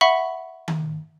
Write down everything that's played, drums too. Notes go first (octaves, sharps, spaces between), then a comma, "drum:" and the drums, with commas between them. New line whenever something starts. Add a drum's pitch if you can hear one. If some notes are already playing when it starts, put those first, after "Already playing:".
E5 F#5 B5 C#6
drum: tom D#3